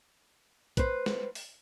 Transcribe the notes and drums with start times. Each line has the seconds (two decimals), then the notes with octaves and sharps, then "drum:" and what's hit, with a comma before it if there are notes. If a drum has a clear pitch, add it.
0.77 B4 C5, drum: kick, hi-hat
1.06 drum: snare
1.35 drum: open hi-hat